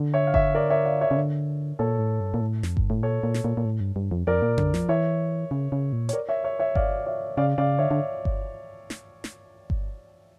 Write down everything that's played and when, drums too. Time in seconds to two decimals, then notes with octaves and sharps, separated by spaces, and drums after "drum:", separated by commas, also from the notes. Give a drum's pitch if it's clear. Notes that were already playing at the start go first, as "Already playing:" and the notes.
Already playing: D3
0.14 C#5 E5
0.27 F5
0.34 C#5 E5, drum: kick G1
0.55 A#4 D5
0.70 C#5 E5
0.86 D5 F5
1.01 C#5 E5
1.11 C#3
1.17 D3
1.79 A#2 A4 C#5
1.99 A2
2.20 G2
2.34 A#2
2.41 A2
2.63 F2, drum: snare
2.77 G2, drum: kick G1
2.90 A2
3.03 A#2 A4 C#5
3.23 A#2
3.34 drum: snare
3.44 A#2
3.57 A#2
3.65 A2
3.80 G2
3.96 G2
4.11 F2
4.27 F2 A#4 D5
4.42 A#2
4.58 D3, drum: tom F2
4.74 F3, drum: snare
4.89 E3 C#5 E5
5.51 C#3
5.72 C#3
5.93 A#2
6.09 C#5, drum: hi-hat
6.13 A#4 D5
6.29 C#5 E5
6.44 C#5 E5
6.59 C#5 E5
6.75 D5 F5, drum: kick G1
7.06 C#5 E5
7.37 C#3 D5 F5
7.58 C#3 D5 F5
7.79 D3 C#5 E5
7.91 D3
8.25 drum: kick G1
8.90 drum: snare
9.24 drum: snare
9.70 drum: kick G1